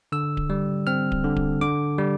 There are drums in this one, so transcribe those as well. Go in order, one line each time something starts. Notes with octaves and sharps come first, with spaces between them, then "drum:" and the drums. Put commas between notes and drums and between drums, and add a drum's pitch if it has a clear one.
D3 E6
drum: kick D1
G3
C4 F6
drum: kick D1
D3
drum: kick D1
D3 D6
G3